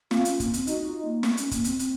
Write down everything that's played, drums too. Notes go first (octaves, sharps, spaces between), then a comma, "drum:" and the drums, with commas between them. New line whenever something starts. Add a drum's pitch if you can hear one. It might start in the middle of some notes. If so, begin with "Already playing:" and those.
C4 F4, drum: snare
C#4, drum: hi-hat
A#3, drum: kick, hi-hat
C4, drum: hi-hat
D#4 F#4, drum: hi-hat
F4
A#3
drum: snare
C#4, drum: hi-hat
A#3, drum: kick, hi-hat
C4, drum: hi-hat
C4, drum: hi-hat